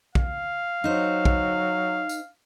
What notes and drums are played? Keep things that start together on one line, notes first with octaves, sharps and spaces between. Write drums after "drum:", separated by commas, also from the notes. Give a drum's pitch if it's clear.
F5, drum: kick
F#3 D#4 C5
drum: kick
drum: tambourine